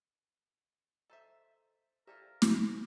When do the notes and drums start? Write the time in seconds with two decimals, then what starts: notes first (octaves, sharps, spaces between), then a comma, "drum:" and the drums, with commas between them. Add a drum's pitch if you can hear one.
1.10 A4 C5 D#5 E5 A#5
2.07 F4 G4 A4 A#4 C5 D5 E5 A#5
2.42 drum: snare